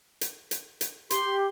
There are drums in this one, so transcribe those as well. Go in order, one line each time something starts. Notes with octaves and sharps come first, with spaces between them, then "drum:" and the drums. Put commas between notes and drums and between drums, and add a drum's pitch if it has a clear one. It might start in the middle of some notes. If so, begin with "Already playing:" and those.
drum: hi-hat
drum: hi-hat
drum: hi-hat
G4 C6, drum: hi-hat